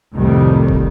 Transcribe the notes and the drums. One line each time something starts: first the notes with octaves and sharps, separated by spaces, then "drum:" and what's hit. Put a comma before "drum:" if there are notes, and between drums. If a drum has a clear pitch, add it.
C2 F2 A2 D#3 G3 A3
drum: kick